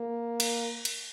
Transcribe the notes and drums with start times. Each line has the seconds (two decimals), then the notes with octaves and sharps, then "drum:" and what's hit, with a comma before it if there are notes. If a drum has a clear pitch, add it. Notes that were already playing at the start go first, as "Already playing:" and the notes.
Already playing: A#3
0.40 drum: cymbal
0.85 drum: cymbal